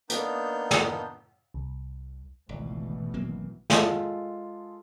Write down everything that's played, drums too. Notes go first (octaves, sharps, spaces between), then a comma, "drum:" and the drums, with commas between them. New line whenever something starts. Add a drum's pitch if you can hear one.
A#3 B3 D4 D#4 G6, drum: hi-hat
drum: snare
C2
G#1 C#2 B2 E3 A3
F#3 A#3 C4
G#3 F4 A4, drum: snare